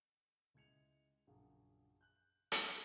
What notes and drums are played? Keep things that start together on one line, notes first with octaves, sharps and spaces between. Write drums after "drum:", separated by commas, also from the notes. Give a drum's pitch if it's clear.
C#2 G#3 E4 G#6 C#7 F7
A#1 F#2 C#3 G#4
F#6 G6
drum: hi-hat